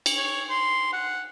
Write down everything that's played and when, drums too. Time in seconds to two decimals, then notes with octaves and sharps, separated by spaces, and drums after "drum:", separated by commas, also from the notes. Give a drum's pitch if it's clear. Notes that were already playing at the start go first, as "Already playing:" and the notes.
0.06 drum: cymbal
0.16 C#5
0.50 C6
0.93 F#5